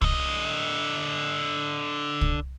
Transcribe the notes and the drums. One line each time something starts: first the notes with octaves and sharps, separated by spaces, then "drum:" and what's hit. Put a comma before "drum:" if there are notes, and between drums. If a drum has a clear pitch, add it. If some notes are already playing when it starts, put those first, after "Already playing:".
D3 D#5, drum: kick
drum: kick